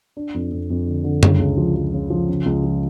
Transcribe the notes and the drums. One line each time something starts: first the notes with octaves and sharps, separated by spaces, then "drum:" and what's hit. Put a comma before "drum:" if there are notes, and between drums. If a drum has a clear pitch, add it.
D4
F2
F2
F2
D3
D3
C#3, drum: tom F#2
C#2
F3
F3
C#3
F3
C#3
C#2
F3